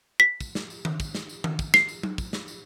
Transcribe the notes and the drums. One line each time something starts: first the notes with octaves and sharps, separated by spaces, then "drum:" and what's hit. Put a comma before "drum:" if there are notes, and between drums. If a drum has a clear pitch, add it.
B6
drum: kick, tambourine
drum: snare
drum: tambourine
drum: tom D#3
drum: kick, tambourine
drum: snare
drum: tambourine
drum: tom D#3
drum: kick, tambourine
C7, drum: snare
drum: tambourine
drum: tom F#3
drum: kick, tambourine
drum: snare
drum: tambourine